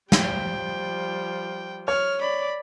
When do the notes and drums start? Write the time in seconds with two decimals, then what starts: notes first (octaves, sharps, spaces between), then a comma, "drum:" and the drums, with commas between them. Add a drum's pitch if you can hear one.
0.12 F3 G3 G5, drum: snare
1.88 C#5 F6
2.21 D5 B5